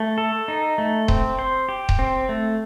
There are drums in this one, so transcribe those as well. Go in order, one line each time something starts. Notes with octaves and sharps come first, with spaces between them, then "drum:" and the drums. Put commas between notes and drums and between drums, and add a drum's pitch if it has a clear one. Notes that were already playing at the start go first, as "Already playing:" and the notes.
Already playing: A3
A4
D#4
A3
C4, drum: kick D#1
C5
G4
drum: kick D#1
C4
A3